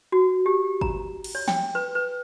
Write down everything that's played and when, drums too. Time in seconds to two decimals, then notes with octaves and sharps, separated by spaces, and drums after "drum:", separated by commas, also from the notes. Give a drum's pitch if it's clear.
0.12 F#4
0.46 G4
0.81 A#5, drum: kick G#1
1.24 drum: cymbal
1.35 C#5
1.48 G5, drum: snare
1.75 B4
1.95 B4